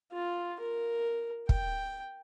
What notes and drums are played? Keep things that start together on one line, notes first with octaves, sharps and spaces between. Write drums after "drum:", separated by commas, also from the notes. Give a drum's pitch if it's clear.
F4
A#4
G5, drum: kick